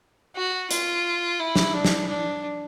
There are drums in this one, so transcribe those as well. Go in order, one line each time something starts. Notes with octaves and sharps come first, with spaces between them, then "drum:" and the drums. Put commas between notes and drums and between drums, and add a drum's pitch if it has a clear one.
F#4
F4, drum: hi-hat
E4
drum: snare
D4
drum: snare
D4